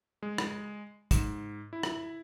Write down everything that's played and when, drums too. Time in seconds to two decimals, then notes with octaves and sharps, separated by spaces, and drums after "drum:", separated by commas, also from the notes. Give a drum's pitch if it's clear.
0.23 G#3
0.38 drum: rim click
1.11 G#2, drum: kick, hi-hat
1.73 E4
1.83 drum: rim click